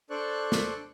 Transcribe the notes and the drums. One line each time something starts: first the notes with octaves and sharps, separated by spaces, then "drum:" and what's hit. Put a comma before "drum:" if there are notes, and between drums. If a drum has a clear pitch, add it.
D4 A4 C5 D5 C#6 F#6
drum: snare